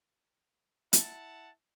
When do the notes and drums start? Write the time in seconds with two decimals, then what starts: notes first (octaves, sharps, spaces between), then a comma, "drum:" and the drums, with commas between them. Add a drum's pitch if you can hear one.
0.93 E4 F#5 A5, drum: hi-hat